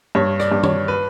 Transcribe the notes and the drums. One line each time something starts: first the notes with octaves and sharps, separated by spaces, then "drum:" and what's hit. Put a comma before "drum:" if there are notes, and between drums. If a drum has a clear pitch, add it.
G2 C#5
D5, drum: rim click
G2
C#5, drum: tom D#3
B4